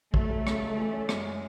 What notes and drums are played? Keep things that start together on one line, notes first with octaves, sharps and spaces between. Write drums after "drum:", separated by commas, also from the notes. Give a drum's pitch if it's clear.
F#3 A3, drum: kick
F#3
C#3, drum: rim click
C#2
E3
C#4
F#2 G#3, drum: rim click